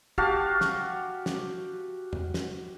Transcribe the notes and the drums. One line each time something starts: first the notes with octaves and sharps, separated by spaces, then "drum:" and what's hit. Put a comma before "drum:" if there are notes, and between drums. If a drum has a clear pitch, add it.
F#4 G4 F5 A5, drum: kick
drum: snare
drum: snare
drum: tom E2
drum: snare